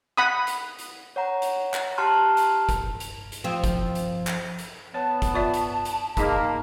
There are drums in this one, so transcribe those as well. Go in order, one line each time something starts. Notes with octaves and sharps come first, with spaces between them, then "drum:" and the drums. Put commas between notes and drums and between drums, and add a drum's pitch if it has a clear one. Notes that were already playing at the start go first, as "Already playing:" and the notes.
F#5 B5 D#6
drum: hi-hat
drum: hi-hat
C#5 F#5 A#5
drum: hi-hat
drum: clap
G4 A5 A#5 C6 F6 F#6
drum: hi-hat
drum: kick, hi-hat
drum: hi-hat
drum: hi-hat
F3 C4
drum: kick, hi-hat
drum: hi-hat
drum: clap
drum: hi-hat
B3 C#5 A5
drum: kick, hi-hat
F4 D5 E5
drum: hi-hat
drum: hi-hat
A#3 D#4 G#4 D#5, drum: kick, hi-hat